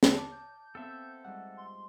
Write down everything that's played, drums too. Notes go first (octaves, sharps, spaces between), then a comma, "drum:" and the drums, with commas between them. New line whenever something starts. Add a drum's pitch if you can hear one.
drum: snare
A5 D6 F6
G6
B3 C4 A4 E5 F5
G#2 F3 G3 F#5
C6